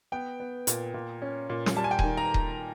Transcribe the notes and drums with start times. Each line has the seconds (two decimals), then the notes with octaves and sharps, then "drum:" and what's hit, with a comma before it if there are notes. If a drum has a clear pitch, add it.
0.12 B3 G5
0.40 B3
0.67 A#2, drum: hi-hat
0.94 A#2
1.22 C#4
1.50 A#2
1.66 drum: snare
1.76 G3 A5
1.84 G#5
1.91 G5
1.99 D#3 G#5, drum: kick D#1
2.17 A#5
2.34 drum: kick D#1